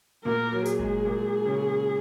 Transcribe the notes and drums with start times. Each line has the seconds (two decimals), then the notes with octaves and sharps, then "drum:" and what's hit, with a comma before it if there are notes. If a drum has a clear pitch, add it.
0.25 A#2 A#3 A#4
0.52 F#3
0.65 G#4, drum: hi-hat
0.79 G#3, drum: kick G1
1.05 A#2 A#3
1.45 C#3 C#4